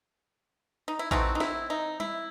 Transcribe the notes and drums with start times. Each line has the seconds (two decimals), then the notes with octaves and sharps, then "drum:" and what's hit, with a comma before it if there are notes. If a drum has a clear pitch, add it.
0.88 D#4
0.99 E4
1.11 E3 A3 C4 D#4 F#4, drum: kick A1
1.35 D#4
1.40 E4, drum: snare
1.70 D#4
2.00 E4, drum: tom G3